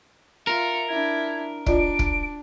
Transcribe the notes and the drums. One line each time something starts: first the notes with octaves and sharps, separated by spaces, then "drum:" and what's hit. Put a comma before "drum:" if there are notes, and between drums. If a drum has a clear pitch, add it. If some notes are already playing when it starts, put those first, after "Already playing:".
F4 A#4 E5 C#7
D4 E4 G#6
D4 F4 D5 D#5 D7, drum: kick
drum: kick